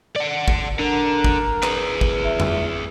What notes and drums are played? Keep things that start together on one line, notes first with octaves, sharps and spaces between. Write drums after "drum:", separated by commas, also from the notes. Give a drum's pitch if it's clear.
D5 F#5
drum: kick G#1
D3 A#4
drum: kick G#1
G#4 B4, drum: clap
drum: kick G#1
E5
drum: tom F2